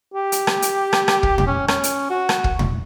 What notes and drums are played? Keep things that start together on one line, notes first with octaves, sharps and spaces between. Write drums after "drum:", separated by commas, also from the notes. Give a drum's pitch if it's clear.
G4
drum: hi-hat
drum: rim click
drum: hi-hat
drum: rim click
drum: rim click
drum: kick
drum: tom
C#4
C#4, drum: rim click
drum: hi-hat
F#4
drum: rim click
drum: kick
drum: tom